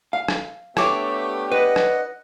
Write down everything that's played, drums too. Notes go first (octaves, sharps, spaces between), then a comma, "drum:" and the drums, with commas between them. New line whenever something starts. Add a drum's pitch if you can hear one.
F5
drum: rim click
A3 B3 D4 G4 C#5 E5 D6, drum: rim click
B4 D#5 F#5
drum: rim click